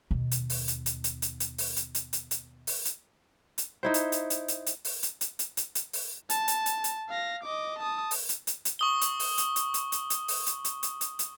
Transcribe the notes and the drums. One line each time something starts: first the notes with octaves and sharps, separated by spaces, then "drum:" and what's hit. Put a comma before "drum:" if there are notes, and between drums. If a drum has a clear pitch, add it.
D#2 B2
drum: hi-hat
drum: open hi-hat
drum: hi-hat
drum: hi-hat
drum: hi-hat
drum: hi-hat
drum: hi-hat
drum: open hi-hat
drum: hi-hat
drum: hi-hat
drum: hi-hat
drum: hi-hat
drum: open hi-hat
drum: hi-hat
drum: hi-hat
D#4 E4 C5
drum: hi-hat
drum: hi-hat
drum: hi-hat
drum: hi-hat
drum: hi-hat
drum: open hi-hat
drum: hi-hat
drum: hi-hat
drum: hi-hat
drum: hi-hat
drum: hi-hat
drum: open hi-hat
A5, drum: hi-hat
drum: hi-hat
drum: hi-hat
drum: hi-hat
F5 A#6
D#5 D6
A5 D#6
drum: open hi-hat
drum: hi-hat
drum: hi-hat
drum: hi-hat
C#6 D#6 G7
drum: hi-hat
drum: open hi-hat
drum: hi-hat
drum: hi-hat
drum: hi-hat
drum: hi-hat
drum: hi-hat
drum: open hi-hat
drum: hi-hat
drum: hi-hat
drum: hi-hat
drum: hi-hat
drum: hi-hat